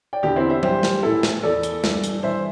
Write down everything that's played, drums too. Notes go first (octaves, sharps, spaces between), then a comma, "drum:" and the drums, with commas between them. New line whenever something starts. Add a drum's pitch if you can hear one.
D5 G5
E2 D3 D4 G4
C4 E4
C5 E5
G2 E3 G4 C5, drum: tom F#3
drum: snare
A2 E3 E4 A4
drum: snare
E2 E3 A4 D5
drum: hi-hat
G2 E3, drum: snare
drum: hi-hat
G2 E3 C5 E5